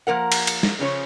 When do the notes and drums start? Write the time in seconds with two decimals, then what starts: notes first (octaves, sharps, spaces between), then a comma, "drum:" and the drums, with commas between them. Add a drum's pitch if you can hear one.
0.07 F3 A#3 A#4 F#5
0.32 drum: cymbal
0.47 drum: cymbal
0.63 drum: snare
0.79 C#3 F3 C#4 C#5